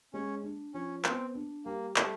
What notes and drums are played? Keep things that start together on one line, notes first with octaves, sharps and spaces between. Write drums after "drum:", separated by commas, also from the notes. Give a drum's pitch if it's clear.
G#3 C#4
D4
F3 C#4
B3 C4, drum: clap
D4
G3 A#3
G3 A3, drum: clap